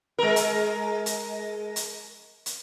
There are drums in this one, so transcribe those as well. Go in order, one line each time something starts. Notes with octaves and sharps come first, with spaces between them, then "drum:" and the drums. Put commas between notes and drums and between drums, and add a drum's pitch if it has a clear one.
G#3 A#4
drum: hi-hat
drum: hi-hat
drum: hi-hat
drum: hi-hat